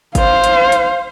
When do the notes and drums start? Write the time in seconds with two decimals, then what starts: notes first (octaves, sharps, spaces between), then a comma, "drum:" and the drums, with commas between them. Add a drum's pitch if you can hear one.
0.15 C5 F5, drum: kick G1, hi-hat
0.44 drum: hi-hat
0.72 drum: hi-hat